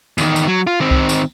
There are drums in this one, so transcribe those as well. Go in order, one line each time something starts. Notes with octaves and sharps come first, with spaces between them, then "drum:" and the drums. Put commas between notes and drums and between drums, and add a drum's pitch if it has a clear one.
E2 D#3, drum: tambourine
drum: tambourine
F#3
F4
D#3 C4
drum: kick C2
drum: tambourine